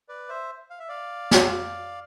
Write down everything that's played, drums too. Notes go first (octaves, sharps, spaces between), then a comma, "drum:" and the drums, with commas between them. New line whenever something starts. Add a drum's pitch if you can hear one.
B4 D5
C5 E5
F5
E5
D5 F5
drum: snare